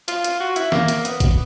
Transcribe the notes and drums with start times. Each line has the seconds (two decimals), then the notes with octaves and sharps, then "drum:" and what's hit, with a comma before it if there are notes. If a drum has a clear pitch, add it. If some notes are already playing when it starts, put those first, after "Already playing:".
0.08 F4, drum: hi-hat
0.24 drum: hi-hat
0.40 F#4
0.56 E4, drum: hi-hat
0.72 A#3, drum: snare
0.88 drum: hi-hat
1.05 B3, drum: hi-hat
1.20 drum: kick A1, hi-hat